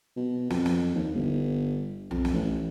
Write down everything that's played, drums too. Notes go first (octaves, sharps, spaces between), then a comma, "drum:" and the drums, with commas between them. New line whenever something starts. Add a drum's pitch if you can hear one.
B2
F2, drum: snare
drum: snare
D#2
G1
F2, drum: tom B1
drum: snare
A1